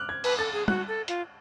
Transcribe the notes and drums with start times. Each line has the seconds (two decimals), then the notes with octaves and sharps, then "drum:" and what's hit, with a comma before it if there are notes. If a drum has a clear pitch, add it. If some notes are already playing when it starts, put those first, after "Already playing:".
Already playing: D6 F6 F#6
0.09 G#6
0.24 B4, drum: cymbal
0.39 A4 A6
0.53 G#4
0.68 F#4 F#6, drum: tom
0.88 A4
1.08 F4, drum: hi-hat